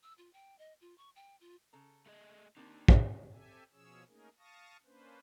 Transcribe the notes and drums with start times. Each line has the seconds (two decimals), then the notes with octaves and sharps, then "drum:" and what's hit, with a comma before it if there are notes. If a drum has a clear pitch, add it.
0.03 E6
0.18 F4
0.33 G5
0.59 D#5
0.81 F4
0.98 C#6
1.16 G5
1.41 F4
1.73 C#3 A4 A#5
2.06 A3 G#4 D#5
2.57 A#3 C4 D4 D#4 A#4
2.88 drum: kick
3.32 C4 G4 A4 E5 G#5
3.72 B2 F3 C#4 G#4 C#5 E6
4.08 A3 A#3 C#4 D#4 G#4 A#4
4.39 F5 A5 C#6 D#6 A#6
4.85 A#3 C#4 D4 B4 C5